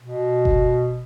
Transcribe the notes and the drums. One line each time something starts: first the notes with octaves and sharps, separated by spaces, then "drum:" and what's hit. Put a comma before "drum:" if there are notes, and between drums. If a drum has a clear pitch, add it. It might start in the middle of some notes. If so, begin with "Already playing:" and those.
B2
drum: kick F#1